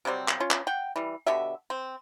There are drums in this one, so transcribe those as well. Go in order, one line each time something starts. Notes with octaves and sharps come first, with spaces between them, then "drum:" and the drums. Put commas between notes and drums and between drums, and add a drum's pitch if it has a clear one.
C3 F#3 G3 C4
drum: clap
C#4 F4
drum: clap
F#5 G5
E3 G3
B2 D3 G4 E5
C4